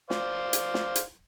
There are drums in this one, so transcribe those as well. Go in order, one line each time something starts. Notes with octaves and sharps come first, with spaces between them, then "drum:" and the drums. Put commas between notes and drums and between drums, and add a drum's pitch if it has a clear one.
C5 D5 F5, drum: snare
drum: hi-hat
drum: snare
drum: hi-hat